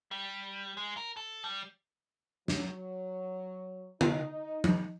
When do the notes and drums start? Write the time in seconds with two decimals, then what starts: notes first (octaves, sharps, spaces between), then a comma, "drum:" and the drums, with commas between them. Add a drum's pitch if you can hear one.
0.11 G3
0.77 G#3
0.97 A#4
1.17 A4
1.44 G3
2.48 F#3, drum: snare
4.01 D#4, drum: tom
4.64 drum: tom F3